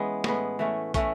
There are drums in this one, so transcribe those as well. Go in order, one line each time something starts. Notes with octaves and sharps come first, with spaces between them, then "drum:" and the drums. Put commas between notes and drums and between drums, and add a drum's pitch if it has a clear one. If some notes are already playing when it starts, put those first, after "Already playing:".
Already playing: E3 G#3 B3 C#4
A2 G#3 B3, drum: snare
E3 A3 C#4
E3 A3 C#4, drum: kick, hi-hat